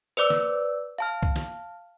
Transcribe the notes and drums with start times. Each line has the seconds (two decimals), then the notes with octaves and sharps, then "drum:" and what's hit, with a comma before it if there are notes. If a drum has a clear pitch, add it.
0.17 B4 C5 D5 D6 E6
0.30 drum: snare
0.98 F5 A5 F6
1.23 drum: kick
1.36 drum: snare